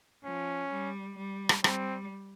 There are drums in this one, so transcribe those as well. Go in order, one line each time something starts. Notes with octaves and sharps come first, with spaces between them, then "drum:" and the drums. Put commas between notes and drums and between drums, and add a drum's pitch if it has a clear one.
F3 C#4
G3
G3
drum: rim click
G3 C4, drum: rim click